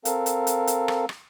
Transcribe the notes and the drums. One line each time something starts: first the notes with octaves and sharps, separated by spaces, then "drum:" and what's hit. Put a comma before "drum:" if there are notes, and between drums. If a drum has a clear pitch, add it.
C4 A4 A#4 F5, drum: hi-hat
drum: hi-hat
drum: hi-hat
drum: hi-hat
drum: rim click
drum: rim click